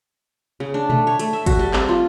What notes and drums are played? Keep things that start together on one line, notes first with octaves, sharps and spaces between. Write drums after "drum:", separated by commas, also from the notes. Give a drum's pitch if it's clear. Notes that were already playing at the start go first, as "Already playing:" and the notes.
C#3
D4
A3, drum: tom A#2
C#5
A3, drum: hi-hat
E5
F#4, drum: kick, hi-hat
G3
C4, drum: clap
F4